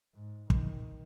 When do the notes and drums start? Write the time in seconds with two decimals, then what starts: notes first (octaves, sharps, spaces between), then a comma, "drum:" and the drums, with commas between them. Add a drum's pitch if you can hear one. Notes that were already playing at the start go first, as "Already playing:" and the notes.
0.14 G#2
0.50 D#3, drum: kick